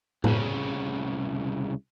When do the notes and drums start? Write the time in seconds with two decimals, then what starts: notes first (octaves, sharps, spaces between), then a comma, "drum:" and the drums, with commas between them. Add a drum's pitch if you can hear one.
0.24 C2 C#3, drum: tom A2